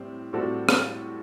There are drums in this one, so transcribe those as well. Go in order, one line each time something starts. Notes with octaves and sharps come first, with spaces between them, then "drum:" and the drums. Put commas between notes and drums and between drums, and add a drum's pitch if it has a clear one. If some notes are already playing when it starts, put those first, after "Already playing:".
Already playing: A2 G3 C4
A2 G3 C4 F#4 A4
drum: rim click